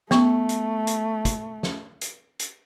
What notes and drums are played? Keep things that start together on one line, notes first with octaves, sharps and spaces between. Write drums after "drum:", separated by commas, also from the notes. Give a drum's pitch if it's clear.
A3 B3 C#6, drum: snare
drum: hi-hat
drum: hi-hat
drum: kick, hi-hat
drum: snare
drum: hi-hat
drum: hi-hat